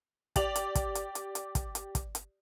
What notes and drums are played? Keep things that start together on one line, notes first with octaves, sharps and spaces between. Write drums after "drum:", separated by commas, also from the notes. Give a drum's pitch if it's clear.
G4 D5 F7 F#7, drum: kick, hi-hat
drum: hi-hat
drum: kick, hi-hat
drum: hi-hat
drum: hi-hat
drum: hi-hat
drum: kick, hi-hat
drum: hi-hat
drum: kick, hi-hat
drum: hi-hat